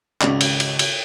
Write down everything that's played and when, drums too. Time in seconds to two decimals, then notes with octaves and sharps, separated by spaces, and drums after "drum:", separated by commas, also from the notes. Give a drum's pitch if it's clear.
0.21 G#1 C#2 C#3 D5, drum: clap
0.41 drum: cymbal
0.60 drum: cymbal
0.79 drum: cymbal